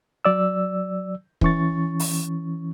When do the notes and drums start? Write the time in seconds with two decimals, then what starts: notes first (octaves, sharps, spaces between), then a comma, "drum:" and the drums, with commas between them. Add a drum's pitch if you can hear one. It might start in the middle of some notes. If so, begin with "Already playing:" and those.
0.25 F#3 D5 E6
1.41 E3 C#4 C#6 A6, drum: kick
2.00 drum: open hi-hat